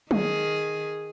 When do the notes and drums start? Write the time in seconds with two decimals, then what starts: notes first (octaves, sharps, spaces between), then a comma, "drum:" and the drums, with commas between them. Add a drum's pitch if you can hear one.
0.11 D#3 G#4, drum: tom F#3